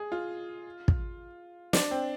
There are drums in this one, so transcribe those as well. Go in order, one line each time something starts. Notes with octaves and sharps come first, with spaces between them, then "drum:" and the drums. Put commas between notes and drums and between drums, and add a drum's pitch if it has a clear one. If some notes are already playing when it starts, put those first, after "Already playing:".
Already playing: G#4
F4
drum: kick
D4, drum: snare
C4